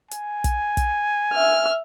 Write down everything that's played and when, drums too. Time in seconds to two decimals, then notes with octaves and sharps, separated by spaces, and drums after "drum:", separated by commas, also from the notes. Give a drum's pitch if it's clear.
0.11 G#5, drum: hi-hat
0.44 drum: kick, hi-hat
0.77 drum: kick, hi-hat
1.33 E5 F6